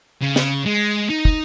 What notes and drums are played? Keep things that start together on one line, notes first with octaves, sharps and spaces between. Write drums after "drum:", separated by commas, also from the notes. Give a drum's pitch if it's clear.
C#3
drum: snare
G#3
D#4
drum: kick